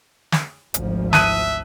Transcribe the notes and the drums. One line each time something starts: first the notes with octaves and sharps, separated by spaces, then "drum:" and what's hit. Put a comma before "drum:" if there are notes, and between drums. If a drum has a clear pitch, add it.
drum: snare
G#1 D2 F3, drum: hi-hat
E5 A5 D#6 F#6 D#7, drum: snare